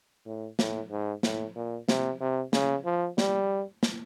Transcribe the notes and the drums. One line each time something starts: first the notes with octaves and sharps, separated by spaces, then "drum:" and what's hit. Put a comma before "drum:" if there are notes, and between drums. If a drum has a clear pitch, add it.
A2
A2, drum: snare
G#2
A2, drum: snare
A#2
C3, drum: snare
C3
C#3, drum: snare
F3
G3, drum: snare
drum: snare